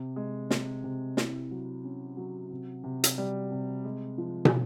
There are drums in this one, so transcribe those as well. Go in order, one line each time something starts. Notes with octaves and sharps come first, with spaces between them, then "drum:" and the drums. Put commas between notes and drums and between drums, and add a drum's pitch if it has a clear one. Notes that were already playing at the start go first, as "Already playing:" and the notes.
Already playing: C3
G#3
C3, drum: snare
C3
E4, drum: snare
F#3
C#4
F#3
C3
C3
drum: hi-hat
G3
C3
G#3
F3
drum: tom